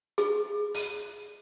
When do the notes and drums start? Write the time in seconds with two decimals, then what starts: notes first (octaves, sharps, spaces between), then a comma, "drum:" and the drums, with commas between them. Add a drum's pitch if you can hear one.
0.18 G#4, drum: hi-hat
0.74 drum: open hi-hat